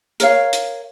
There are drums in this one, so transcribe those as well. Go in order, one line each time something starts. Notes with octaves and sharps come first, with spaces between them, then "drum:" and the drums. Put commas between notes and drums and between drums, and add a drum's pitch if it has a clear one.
A#4 C#5 F5, drum: hi-hat
drum: hi-hat